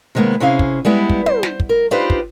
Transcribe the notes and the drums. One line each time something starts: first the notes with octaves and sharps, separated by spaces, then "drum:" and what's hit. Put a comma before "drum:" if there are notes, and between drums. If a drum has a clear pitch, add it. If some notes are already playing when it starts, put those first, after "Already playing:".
C3 D#3 G#3 A#3 B3
C3 C#4 E4 G#4 F5
drum: kick
G3 G#3 B3 E4
drum: kick
C5, drum: tom
drum: snare
drum: kick
A#4
D4 D#4 F4 G4 B4 C5
drum: kick